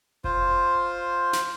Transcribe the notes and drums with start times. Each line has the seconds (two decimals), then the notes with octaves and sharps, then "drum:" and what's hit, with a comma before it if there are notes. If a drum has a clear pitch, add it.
0.24 F4 C5, drum: kick F1
1.33 drum: snare